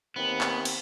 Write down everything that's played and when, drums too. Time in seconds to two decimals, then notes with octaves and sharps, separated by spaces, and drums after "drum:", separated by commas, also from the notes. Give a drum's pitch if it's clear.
0.16 D#2 B3 C4
0.41 drum: clap
0.65 drum: cymbal